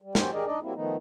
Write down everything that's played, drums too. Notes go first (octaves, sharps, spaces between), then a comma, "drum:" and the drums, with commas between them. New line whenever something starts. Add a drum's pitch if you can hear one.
G3
F#2 F#3 C#4 G4 C5 G5, drum: snare
G4 G#4 A#4 D5 D#5
D4 D#4 D5 D#5
F#3 G3 A#3 C4 E4
D#3 F3 A3 B3 D#4